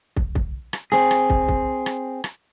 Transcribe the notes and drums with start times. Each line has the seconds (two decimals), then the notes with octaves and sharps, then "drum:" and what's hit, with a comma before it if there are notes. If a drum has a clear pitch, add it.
0.16 drum: kick
0.35 drum: kick
0.73 drum: rim click
0.92 C4 G#4
1.11 drum: rim click
1.30 drum: kick
1.48 drum: kick
1.86 drum: rim click
2.24 drum: rim click